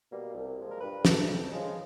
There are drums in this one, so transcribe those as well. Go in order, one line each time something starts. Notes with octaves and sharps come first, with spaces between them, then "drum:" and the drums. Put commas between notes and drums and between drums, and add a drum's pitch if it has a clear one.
B2 G3 A#3
C2
A#2 F3 G#3
A#4
G2 B4
E3 A3, drum: snare
F2
C#3 F3 G#3